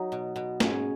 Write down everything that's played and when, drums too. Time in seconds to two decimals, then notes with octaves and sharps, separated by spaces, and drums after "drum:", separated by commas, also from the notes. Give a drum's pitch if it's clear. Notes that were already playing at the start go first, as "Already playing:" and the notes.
Already playing: F#3 D#4
0.12 B2
0.36 B2
0.60 G#2 C#4, drum: snare